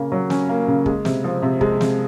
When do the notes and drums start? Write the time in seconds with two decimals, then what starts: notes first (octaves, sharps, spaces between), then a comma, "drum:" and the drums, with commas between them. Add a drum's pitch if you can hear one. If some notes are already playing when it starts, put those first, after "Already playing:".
Already playing: C#3 A#3
0.12 F#3
0.30 C#4, drum: snare
0.49 A#3
0.68 C#3
0.86 G#3, drum: kick
1.05 C3, drum: snare
1.24 F3
1.42 C3
1.61 G#3, drum: kick
1.81 C3, drum: snare